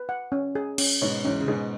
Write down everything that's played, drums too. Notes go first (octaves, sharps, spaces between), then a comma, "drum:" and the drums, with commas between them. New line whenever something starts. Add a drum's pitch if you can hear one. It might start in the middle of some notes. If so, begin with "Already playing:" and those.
Already playing: B4
F#5
C#4
G#4
C#4, drum: cymbal
G#2 B2 C#5
E2 G#2 C#4
C#3
G#2 B2 G#4